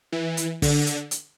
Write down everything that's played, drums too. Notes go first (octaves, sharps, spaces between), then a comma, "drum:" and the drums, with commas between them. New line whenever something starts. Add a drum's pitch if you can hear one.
E3
drum: hi-hat
D3, drum: kick, open hi-hat
drum: hi-hat
drum: hi-hat